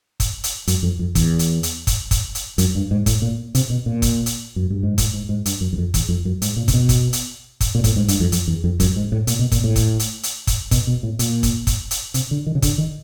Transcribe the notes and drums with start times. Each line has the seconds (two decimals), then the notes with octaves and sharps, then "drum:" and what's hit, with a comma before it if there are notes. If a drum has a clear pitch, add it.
0.20 drum: kick, hi-hat
0.44 drum: hi-hat
0.67 F#2, drum: hi-hat
0.83 F2
0.99 F2
1.15 E2, drum: kick, hi-hat
1.39 drum: hi-hat
1.63 drum: hi-hat
1.87 drum: kick, hi-hat
2.11 drum: kick, hi-hat
2.35 drum: hi-hat
2.58 F#2, drum: hi-hat
2.75 G2
2.91 G#2
3.06 A2, drum: kick, hi-hat
3.22 A#2
3.55 C3, drum: hi-hat
3.70 B2
3.86 A#2
4.02 drum: kick, hi-hat
4.26 drum: hi-hat
4.56 F#2
4.70 G2
4.83 G#2
4.98 A2, drum: kick, hi-hat
5.13 G#2
5.29 G#2
5.46 G2, drum: hi-hat
5.61 F#2
5.73 E2
5.78 F2
5.94 E2, drum: kick, hi-hat
6.09 F2
6.25 F#2
6.42 G#2, drum: hi-hat
6.57 A#2
6.68 C3, drum: kick, hi-hat
6.73 B2
6.89 drum: kick, hi-hat
7.13 drum: hi-hat
7.61 drum: kick, hi-hat
7.75 A#2
7.84 A2, drum: kick, hi-hat
7.96 G#2
8.08 G2, drum: hi-hat
8.20 F2
8.32 F2, drum: hi-hat
8.48 E2
8.64 F2
8.80 F#2, drum: kick, hi-hat
8.96 G#2
9.12 A2
9.27 A#2, drum: hi-hat
9.39 B2
9.52 A#2, drum: kick, hi-hat
9.64 A2
9.76 drum: kick, hi-hat
9.99 drum: hi-hat
10.23 drum: hi-hat
10.47 drum: kick, hi-hat
10.71 B2, drum: kick, hi-hat
10.87 B2
11.03 A2
11.19 A#2, drum: hi-hat
11.43 drum: kick, hi-hat
11.67 drum: kick, hi-hat
11.91 drum: hi-hat
12.14 C3, drum: hi-hat
12.31 D3
12.46 D#3
12.55 C#3
12.62 D3, drum: kick, hi-hat
12.78 D#3